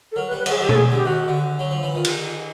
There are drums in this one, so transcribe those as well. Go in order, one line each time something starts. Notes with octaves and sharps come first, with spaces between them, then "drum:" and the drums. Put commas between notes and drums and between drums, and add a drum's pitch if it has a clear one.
A4
F#3 A#4
B4
G3
B4
F#3 G#4, drum: cymbal
F3 G4
A4, drum: tom B2
G#4
D3 G4
D#3 F#4
D3
F#3
F3
E3
D#3 F4
drum: cymbal